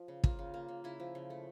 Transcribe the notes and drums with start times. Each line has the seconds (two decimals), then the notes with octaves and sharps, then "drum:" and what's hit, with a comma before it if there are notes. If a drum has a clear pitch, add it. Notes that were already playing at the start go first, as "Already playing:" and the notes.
Already playing: F3
0.08 C#3
0.24 A#3 F4, drum: kick
0.39 C#3
0.54 A#3
0.68 C#3
0.84 C#3 E4
1.00 F3
1.15 C#3
1.30 A3